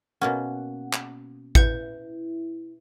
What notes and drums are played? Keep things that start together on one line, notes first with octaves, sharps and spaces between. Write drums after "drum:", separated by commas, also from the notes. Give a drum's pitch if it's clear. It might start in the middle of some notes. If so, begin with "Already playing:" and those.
B2 A#3 C#4 F#5
drum: clap
E4 B4 G6 C#7, drum: kick A1